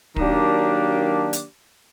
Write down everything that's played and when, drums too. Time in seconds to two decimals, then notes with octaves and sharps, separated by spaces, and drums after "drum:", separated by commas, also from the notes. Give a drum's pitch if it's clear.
0.16 D#3 F#3 A#3 D4 G4, drum: kick
1.33 drum: hi-hat